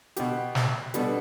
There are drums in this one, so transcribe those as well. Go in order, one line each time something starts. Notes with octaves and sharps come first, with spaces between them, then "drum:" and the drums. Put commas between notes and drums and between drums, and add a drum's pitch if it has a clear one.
B2 B3 G4, drum: hi-hat
drum: snare
B2 G3 B3 D4 A4, drum: hi-hat